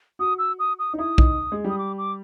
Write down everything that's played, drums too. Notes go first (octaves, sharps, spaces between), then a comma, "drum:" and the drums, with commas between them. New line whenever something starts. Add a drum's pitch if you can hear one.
F#4 D#6
E6
D#6
D#6
D#4
E4 D#6
D#4, drum: kick B1
G#3
G3 D#6
D6
D6